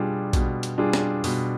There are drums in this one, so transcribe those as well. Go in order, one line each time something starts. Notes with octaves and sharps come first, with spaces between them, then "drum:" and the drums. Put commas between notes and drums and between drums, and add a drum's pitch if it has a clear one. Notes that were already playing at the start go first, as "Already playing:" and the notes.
Already playing: B2 G3 D4 F4 G#4
B2, drum: kick A#1, hi-hat
drum: hi-hat
G3 D4 F4 G#4
drum: snare
B2, drum: open hi-hat